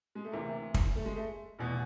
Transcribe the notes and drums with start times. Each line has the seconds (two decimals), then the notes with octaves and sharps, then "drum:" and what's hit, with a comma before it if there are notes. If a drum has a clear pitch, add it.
0.15 G#3
0.24 A3
0.32 D2 C3 E3 A#3
0.74 drum: kick
0.95 A3
1.05 G#3
1.16 A3
1.59 F1 E2 B2